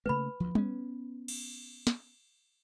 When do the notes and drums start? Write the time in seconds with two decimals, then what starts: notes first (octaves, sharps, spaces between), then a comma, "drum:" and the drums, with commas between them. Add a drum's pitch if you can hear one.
0.06 C#3 A3 A#3 B4 B5
0.40 D2 F3
0.55 B3 C#4, drum: tom G3
1.28 drum: cymbal
1.87 drum: snare